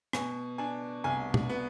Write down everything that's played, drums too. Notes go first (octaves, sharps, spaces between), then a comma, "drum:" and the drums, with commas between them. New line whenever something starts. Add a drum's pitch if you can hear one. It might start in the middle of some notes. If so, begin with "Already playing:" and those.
B2 G#5, drum: rim click
D4 G#5
C2 G#5
drum: tom
B3